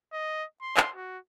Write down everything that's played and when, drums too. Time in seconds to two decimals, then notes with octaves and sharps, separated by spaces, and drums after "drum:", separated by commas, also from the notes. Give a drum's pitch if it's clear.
0.13 D#5
0.62 C6
0.77 drum: clap
0.96 F#4